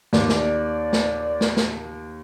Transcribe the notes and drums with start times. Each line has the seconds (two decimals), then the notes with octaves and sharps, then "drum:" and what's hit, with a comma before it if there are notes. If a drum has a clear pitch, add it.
0.13 D#2 D5, drum: snare
0.29 drum: snare
0.93 drum: snare
1.41 drum: snare
1.57 drum: snare